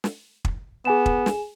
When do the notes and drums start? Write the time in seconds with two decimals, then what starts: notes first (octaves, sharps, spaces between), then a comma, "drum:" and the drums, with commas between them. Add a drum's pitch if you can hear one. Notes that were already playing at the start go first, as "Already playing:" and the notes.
0.04 drum: snare
0.45 drum: kick
0.85 B3 G#4 G#5 E7
1.06 drum: kick
1.26 drum: snare